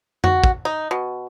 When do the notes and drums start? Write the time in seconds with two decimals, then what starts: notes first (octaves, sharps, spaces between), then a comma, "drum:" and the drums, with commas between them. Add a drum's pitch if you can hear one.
0.24 F#4, drum: tom F2
0.44 drum: kick
0.65 D#4
0.91 B2